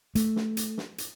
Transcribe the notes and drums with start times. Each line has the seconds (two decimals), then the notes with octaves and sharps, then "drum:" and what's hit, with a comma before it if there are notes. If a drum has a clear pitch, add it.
0.15 A3, drum: hi-hat
0.36 drum: snare
0.57 drum: hi-hat
0.78 drum: snare
0.98 drum: hi-hat